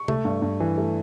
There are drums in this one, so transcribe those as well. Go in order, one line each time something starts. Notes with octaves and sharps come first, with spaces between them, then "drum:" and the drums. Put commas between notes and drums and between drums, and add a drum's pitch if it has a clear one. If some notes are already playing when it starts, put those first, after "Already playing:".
Already playing: C#6
A3, drum: tom C3
G2
G2
E3
A3